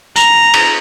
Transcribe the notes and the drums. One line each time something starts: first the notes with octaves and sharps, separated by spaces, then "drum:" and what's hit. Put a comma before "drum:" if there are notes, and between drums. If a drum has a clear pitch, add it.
A#5, drum: tambourine
drum: cymbal